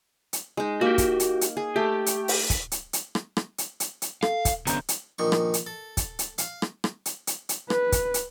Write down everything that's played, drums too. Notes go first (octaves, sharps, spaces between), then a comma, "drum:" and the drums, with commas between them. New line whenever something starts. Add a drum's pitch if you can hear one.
drum: hi-hat
G#3 D#4
A#3 F#4 G4
drum: kick, hi-hat
drum: hi-hat
drum: hi-hat
G#4
A3 G4
drum: hi-hat
drum: open hi-hat
drum: kick, hi-hat
drum: hi-hat
drum: hi-hat
drum: rim click
drum: rim click
drum: hi-hat
drum: hi-hat
drum: hi-hat
A4 F5, drum: rim click
drum: kick, hi-hat
D3 B3 C#4 A#5 G6, drum: hi-hat
drum: hi-hat
A#1 D#3 C#6
drum: rim click
drum: hi-hat
A4
drum: kick, hi-hat
drum: hi-hat
F5, drum: hi-hat
drum: rim click
drum: rim click
drum: hi-hat
drum: hi-hat
drum: hi-hat
B4, drum: rim click
drum: kick, hi-hat
drum: hi-hat